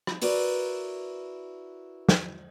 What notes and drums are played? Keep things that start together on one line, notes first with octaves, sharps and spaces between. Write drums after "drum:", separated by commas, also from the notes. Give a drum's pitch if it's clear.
drum: rim click
E4 F#4 A#4 B4 D5, drum: open hi-hat
drum: snare